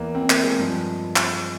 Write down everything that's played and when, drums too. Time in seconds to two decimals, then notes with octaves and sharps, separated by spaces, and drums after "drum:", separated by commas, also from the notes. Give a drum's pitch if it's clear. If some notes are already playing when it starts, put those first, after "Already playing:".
Already playing: E2 E3 A#3
0.15 C4
0.30 A#3, drum: clap
0.44 G#3
0.58 G2 F3
1.16 drum: clap